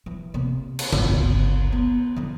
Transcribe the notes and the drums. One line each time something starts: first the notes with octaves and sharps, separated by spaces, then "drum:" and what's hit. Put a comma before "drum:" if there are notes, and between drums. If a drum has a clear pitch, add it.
E3
C3 A#3
drum: cymbal
G#1, drum: tom C#3
G1 C#2
B3
D3 E3